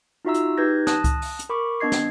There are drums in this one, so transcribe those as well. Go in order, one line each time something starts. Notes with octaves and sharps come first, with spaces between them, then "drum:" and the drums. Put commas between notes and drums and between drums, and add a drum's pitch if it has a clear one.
D#4 F4 F#4 E5 A#5 E6
drum: hi-hat
D#4 G4 B4 G6 G#6 A#6
A5 D#6 F#6 A#6, drum: snare
drum: kick C#2, hi-hat
drum: open hi-hat
drum: hi-hat
A#4 B5 C#6 D6
B3 D4 D#5 G#6 C7
drum: snare